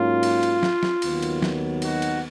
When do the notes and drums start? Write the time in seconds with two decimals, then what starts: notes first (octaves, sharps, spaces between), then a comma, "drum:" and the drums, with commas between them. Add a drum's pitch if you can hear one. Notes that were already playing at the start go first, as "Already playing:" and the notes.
Already playing: G#2 F#3 A#3 C#4 F4
0.23 drum: cymbal
0.43 drum: cymbal
0.63 drum: snare
0.83 drum: snare
1.02 D#2 D#3 F#3 B3, drum: cymbal
1.23 drum: cymbal
1.42 drum: snare
1.82 D#4 F#4, drum: cymbal
2.02 drum: cymbal